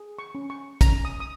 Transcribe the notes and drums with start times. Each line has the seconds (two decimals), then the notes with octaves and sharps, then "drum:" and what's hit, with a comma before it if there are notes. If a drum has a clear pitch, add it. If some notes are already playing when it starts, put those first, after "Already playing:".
Already playing: G#4
0.19 C#6
0.35 C#4
0.50 C#6
0.81 C#4 A#5, drum: kick, hi-hat
1.05 D#6
1.20 D#6